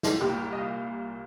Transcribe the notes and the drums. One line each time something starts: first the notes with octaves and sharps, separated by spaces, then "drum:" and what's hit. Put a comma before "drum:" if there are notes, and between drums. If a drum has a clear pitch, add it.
drum: snare
C2 A#2 G3 A#3 G4
D#5
F5